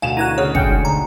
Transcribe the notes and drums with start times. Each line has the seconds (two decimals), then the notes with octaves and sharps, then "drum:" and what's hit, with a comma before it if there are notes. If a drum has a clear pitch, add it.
0.02 D2 B2 F5 G#5 E7 F7
0.17 E3 F#4 A#5 F#6 G#6 D#7
0.38 C#3 C#5
0.55 C#4 F#5 G5 C#7, drum: kick
0.68 G#2
0.85 D3 A#5